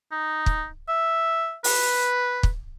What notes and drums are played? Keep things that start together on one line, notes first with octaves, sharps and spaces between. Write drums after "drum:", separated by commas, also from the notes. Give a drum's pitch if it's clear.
D#4
drum: kick
E5
B4, drum: open hi-hat
drum: kick